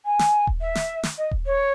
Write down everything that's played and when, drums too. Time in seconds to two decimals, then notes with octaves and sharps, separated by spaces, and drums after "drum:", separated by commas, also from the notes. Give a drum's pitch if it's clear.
0.05 G#5
0.19 drum: snare
0.47 drum: kick D#1
0.61 E5
0.75 drum: snare
1.03 drum: snare
1.17 D#5
1.31 drum: kick D#1
1.46 C#5